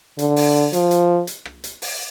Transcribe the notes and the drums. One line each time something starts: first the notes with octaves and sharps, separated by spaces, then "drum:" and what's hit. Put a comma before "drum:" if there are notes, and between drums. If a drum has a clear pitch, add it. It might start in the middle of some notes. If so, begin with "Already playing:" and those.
D3, drum: hi-hat
drum: open hi-hat
F3, drum: hi-hat
drum: hi-hat
drum: hi-hat
drum: rim click
drum: hi-hat
drum: open hi-hat